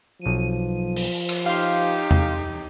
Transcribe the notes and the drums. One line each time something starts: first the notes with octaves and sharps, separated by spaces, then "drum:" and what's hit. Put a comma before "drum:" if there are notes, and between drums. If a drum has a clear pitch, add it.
B1 F3 D#7
drum: open hi-hat
drum: cymbal
D#4 G4 F5 C6, drum: tambourine
drum: tom E2